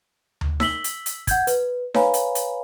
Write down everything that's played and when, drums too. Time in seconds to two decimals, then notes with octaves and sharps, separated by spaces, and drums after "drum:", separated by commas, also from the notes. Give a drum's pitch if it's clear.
0.41 drum: tom D2
0.60 E6 B6 F#7 G7, drum: snare D#4
0.84 drum: hi-hat
1.06 drum: hi-hat
1.27 F#5 G6 G#6, drum: kick, hi-hat
1.47 B4, drum: hi-hat
1.94 B4 C#5 F5 G#5 A#5 B5, drum: snare D#4
2.14 drum: hi-hat
2.35 drum: hi-hat